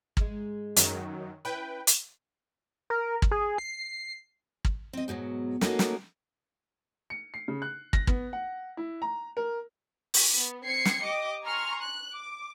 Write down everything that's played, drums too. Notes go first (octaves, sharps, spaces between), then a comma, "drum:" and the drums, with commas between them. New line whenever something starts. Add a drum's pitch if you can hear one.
G#2 G#3, drum: kick
F#2 D#3 F#3, drum: hi-hat
C#4 E4 B4 G5
drum: hi-hat
A#4
drum: kick
G#4
C7
drum: kick
C4 D#5
G#2 B2 D#3 F#3
A3 A#3 C#4 D#4 F#4 A#4, drum: snare
drum: snare
C#7
C7
C#3
F#6
A#6, drum: kick
B3, drum: kick
F#5
E4
A#5
A#4
drum: open hi-hat
B3
C4 G#6 C7 C#7
drum: snare
G4 D#5 D6
G#5 A#5 C6 C#6 F6
F#6
D6